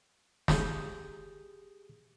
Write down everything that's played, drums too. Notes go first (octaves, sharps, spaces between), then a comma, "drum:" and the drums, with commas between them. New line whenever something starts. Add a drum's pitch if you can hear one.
G4 G#4 D#6 G6, drum: snare